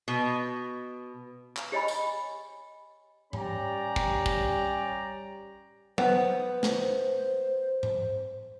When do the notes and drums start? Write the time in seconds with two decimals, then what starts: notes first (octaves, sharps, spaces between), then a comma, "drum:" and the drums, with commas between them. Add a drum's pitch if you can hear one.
0.08 B2
1.57 drum: clap
1.72 G4 C#5 D#5 G#5 B5
1.88 drum: tambourine
3.33 G3 C#4 G4 D5 G5 A#5, drum: tom G#2
3.96 drum: kick
4.26 drum: kick
5.98 B3 C5, drum: tom F#3
6.63 drum: snare
7.83 drum: tom G#2